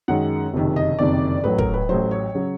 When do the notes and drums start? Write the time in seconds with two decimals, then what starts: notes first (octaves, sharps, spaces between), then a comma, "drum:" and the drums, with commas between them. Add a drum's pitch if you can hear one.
0.08 F#2 D#3 G#3 F#5
0.54 F#1 F2 C3 D#3
0.76 D#5
0.99 F#1 F2 C3 D#3 D5
1.44 A1 A2 F#3 B4
1.58 A#4, drum: kick
1.74 B4
1.89 A1 A2 F#3 C5
2.11 C#5
2.35 C#3 F#3